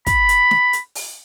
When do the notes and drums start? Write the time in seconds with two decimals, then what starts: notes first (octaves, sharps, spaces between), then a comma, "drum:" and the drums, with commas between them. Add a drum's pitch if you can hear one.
0.06 B5, drum: kick, hi-hat
0.29 drum: hi-hat
0.51 drum: snare
0.73 drum: hi-hat
0.95 drum: open hi-hat